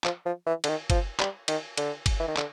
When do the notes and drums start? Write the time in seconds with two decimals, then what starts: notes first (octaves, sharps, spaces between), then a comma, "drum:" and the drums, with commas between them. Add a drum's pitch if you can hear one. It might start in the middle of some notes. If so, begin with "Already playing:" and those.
0.04 F3, drum: clap
0.26 F3
0.47 E3
0.64 D3, drum: cymbal
0.69 D#3
0.90 F3, drum: kick, cymbal
1.20 G3, drum: clap
1.48 D#3, drum: cymbal
1.78 D3, drum: cymbal
2.06 drum: kick, cymbal
2.20 E3
2.28 D#3
2.37 D3, drum: clap